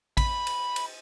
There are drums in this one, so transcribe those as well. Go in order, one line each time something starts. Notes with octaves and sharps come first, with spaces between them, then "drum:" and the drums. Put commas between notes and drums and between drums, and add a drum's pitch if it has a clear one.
B5, drum: kick, cymbal
drum: cymbal
drum: cymbal